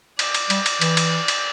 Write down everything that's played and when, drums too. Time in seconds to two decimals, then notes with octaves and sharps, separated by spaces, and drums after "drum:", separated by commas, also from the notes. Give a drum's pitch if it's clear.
0.19 D5, drum: cymbal
0.34 drum: cymbal
0.50 G3, drum: cymbal
0.66 drum: cymbal
0.81 E3, drum: cymbal
0.97 drum: cymbal
1.28 drum: cymbal